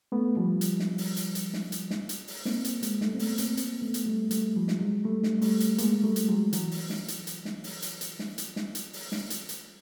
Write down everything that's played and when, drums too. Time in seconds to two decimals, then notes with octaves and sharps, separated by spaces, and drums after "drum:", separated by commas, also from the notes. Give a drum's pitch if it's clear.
0.12 A3 B3
0.37 F3 G3
0.61 drum: hi-hat
0.80 drum: snare
0.98 drum: open hi-hat
1.17 drum: hi-hat
1.35 drum: hi-hat
1.54 drum: snare
1.72 drum: hi-hat
1.90 drum: snare
2.09 drum: hi-hat
2.27 drum: open hi-hat
2.45 A#3 C4, drum: snare
2.64 drum: hi-hat
2.83 G#3 A#3, drum: hi-hat
3.01 G3 A3, drum: snare
3.15 C4
3.19 A3 B3, drum: open hi-hat
3.38 A#3 C4, drum: hi-hat
3.57 A#3 C4, drum: hi-hat
3.81 A3 B3
3.94 drum: hi-hat
4.06 G3 A3
4.31 G3 A3, drum: hi-hat
4.56 F3 G3
4.68 drum: snare
4.80 F#3 G#3
5.05 G3 A3
5.23 drum: snare
5.42 G3 A3, drum: open hi-hat
5.60 drum: hi-hat
5.78 G#3 A#3, drum: hi-hat
6.03 G3 A3
6.16 drum: hi-hat
6.29 F#3 G#3
6.53 E3 F#3, drum: hi-hat
6.71 drum: open hi-hat
6.90 drum: snare
7.08 drum: hi-hat
7.27 drum: hi-hat
7.45 drum: snare
7.64 drum: open hi-hat
7.82 drum: hi-hat
8.01 drum: hi-hat
8.19 drum: snare
8.38 drum: hi-hat
8.56 drum: snare
8.75 drum: hi-hat
8.93 drum: open hi-hat
9.12 drum: snare
9.30 drum: hi-hat
9.49 drum: hi-hat